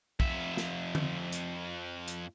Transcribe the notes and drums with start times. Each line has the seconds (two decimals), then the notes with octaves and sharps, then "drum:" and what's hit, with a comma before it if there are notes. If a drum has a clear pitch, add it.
0.20 F2 E5, drum: kick
0.57 drum: snare
0.95 drum: tom D3
1.32 drum: hi-hat
2.08 drum: hi-hat